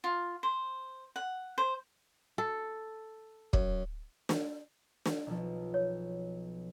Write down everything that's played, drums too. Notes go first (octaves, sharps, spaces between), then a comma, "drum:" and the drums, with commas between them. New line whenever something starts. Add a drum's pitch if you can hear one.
F4
C5
F#5
C5
A4
F#2, drum: kick
drum: snare
drum: snare
B1 F3
C#5